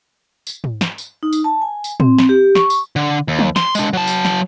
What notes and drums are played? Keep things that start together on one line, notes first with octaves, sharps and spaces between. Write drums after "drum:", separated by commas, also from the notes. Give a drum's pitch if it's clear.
drum: tambourine
drum: tom
drum: snare
drum: tambourine
D#4
drum: tambourine
A5
G#5
drum: tambourine
C4, drum: tom
drum: snare
G4
C#6, drum: snare
drum: tambourine
D3
D#2
drum: tom
C6, drum: snare
G#3 D4, drum: tambourine
F#3 A5
drum: tambourine
drum: snare